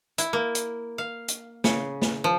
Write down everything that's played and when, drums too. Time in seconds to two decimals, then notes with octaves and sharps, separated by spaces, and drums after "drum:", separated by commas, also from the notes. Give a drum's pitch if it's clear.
0.18 E4, drum: hi-hat
0.33 A#3
0.55 drum: hi-hat
0.98 F5
1.28 drum: hi-hat
1.64 C#3, drum: snare
2.02 drum: snare
2.24 F3